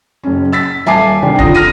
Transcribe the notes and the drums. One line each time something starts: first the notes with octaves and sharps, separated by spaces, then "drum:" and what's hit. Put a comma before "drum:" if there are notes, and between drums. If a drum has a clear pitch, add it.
F#1 C#4
E6 A6 B6
D#1 E5 G#5 A5 D6 C7
C3 D#3 D4
A#2 D3 D#6 A#6, drum: kick D1
F6 A#6 D#7